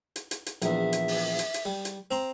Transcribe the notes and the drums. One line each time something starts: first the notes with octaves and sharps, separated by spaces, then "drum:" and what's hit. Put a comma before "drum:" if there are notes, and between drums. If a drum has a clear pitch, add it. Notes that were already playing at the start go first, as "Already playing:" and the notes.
drum: hi-hat
drum: hi-hat
drum: hi-hat
A#1 E2 E5, drum: hi-hat
drum: hi-hat
drum: open hi-hat
drum: hi-hat
drum: hi-hat
G3
drum: hi-hat
C4 A#5 C6